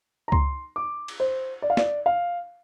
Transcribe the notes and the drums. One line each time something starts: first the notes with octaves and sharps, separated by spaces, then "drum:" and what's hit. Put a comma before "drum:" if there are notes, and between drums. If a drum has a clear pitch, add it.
A#5
C6, drum: kick C#2
D6
drum: cymbal
C5
D5
F5
D5, drum: snare
F5